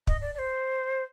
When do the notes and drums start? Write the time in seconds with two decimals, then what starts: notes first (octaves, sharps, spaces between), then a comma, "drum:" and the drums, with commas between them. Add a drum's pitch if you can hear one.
0.07 D#5, drum: kick
0.21 D5
0.35 D5
0.39 C5